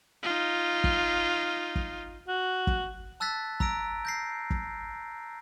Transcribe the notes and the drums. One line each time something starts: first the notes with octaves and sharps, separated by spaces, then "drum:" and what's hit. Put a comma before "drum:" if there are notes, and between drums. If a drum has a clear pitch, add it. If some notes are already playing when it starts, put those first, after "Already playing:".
D#4 F4
drum: kick
drum: kick
F#4
drum: kick
A5 E6 F#6 A6 B6
A#5 E6 A#6 D7, drum: kick
G6 A#6 C7
drum: kick